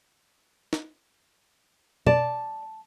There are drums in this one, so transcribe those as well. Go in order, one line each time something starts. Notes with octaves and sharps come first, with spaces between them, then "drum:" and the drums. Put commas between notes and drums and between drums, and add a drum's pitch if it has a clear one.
drum: snare
D5 A5, drum: tom B2